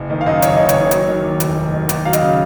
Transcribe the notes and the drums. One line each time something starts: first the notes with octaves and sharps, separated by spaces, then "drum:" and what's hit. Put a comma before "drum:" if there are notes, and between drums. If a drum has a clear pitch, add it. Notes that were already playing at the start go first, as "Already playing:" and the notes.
Already playing: F#1
D#3
F5
F#2 D#5
F#1 C#5, drum: hi-hat
F#1 D#5
C#5, drum: hi-hat
D#3
F#3, drum: hi-hat
D#3
D#2
F1, drum: hi-hat
F#3
D#3
D#2, drum: hi-hat
F#3 F5
D#5, drum: hi-hat
C#3